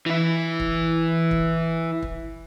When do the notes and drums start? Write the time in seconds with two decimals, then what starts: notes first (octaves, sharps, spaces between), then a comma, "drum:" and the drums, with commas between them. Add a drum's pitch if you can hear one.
0.06 E3 E4
0.60 drum: kick
1.31 drum: kick
2.03 drum: kick